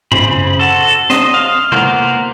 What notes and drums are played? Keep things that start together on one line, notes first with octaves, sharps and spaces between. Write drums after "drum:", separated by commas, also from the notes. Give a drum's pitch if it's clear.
C#3 C5 B5, drum: tom F#2
F#4 A4
C5 D#5, drum: snare
F5
A#3 B3 F#4 A#4 C5, drum: tom C3